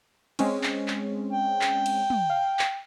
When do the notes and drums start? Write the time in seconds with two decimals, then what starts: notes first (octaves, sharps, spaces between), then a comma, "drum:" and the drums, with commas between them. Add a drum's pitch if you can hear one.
0.39 G#3 C4 C#4, drum: cymbal
0.63 drum: clap
0.88 drum: clap
1.33 G5
1.61 drum: clap
1.86 drum: cymbal
2.10 drum: tom
2.30 F5
2.59 drum: clap